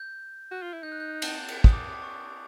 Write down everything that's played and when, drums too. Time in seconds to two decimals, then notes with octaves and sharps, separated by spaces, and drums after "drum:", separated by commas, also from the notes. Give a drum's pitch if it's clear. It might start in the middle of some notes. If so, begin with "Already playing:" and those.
Already playing: G6
0.52 F#4
0.62 F4
0.73 E4
0.83 D#4 G6
0.92 F#6
1.00 G6
1.22 drum: cymbal
1.48 drum: cymbal
1.64 D#6, drum: kick
1.73 D6
1.91 D6
2.03 C#6